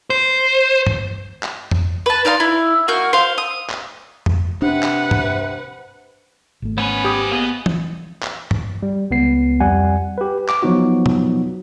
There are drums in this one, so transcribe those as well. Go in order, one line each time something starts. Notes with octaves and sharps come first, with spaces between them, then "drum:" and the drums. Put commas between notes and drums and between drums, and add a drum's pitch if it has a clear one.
C5
drum: tom G2
drum: clap
drum: tom F2
B4 A5
D#4 D5 F5 C6
E4
A#3 F#4 F6 G6
C5 F5
D#6
drum: clap
drum: tom F2
C3 D4 B4 F#5
drum: clap
drum: tom G2
G#1 A3
B3 C#4 B4 C5 G#5
G4 D#6
A#3 B3 G#4 D#5
drum: tom E3
drum: clap
drum: tom G2
G3
C#2 B3 C7
F2 G3 F#5 G#5
G4 B4
D6, drum: clap
F3 F#3 B3 D#4 F#4
drum: tom